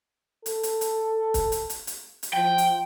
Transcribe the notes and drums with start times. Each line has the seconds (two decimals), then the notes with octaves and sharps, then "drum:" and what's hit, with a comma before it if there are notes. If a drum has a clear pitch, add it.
0.46 A4, drum: hi-hat
0.63 drum: hi-hat
0.81 drum: hi-hat
1.34 drum: kick, hi-hat
1.52 drum: hi-hat
1.70 drum: hi-hat
1.87 drum: hi-hat
2.23 drum: hi-hat
2.34 F3 G5
2.58 drum: hi-hat